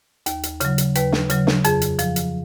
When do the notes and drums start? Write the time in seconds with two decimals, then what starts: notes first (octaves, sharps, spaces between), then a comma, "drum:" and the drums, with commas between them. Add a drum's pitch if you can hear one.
0.26 D#2, drum: hi-hat
0.43 drum: hi-hat
0.60 C#3 F#3, drum: hi-hat
0.78 drum: hi-hat
0.95 D#2 B4, drum: hi-hat
1.12 drum: snare
1.30 C#3 F#3, drum: hi-hat
1.47 drum: snare
1.64 F2 G#4, drum: hi-hat
1.81 drum: hi-hat
1.99 F3, drum: hi-hat
2.16 drum: hi-hat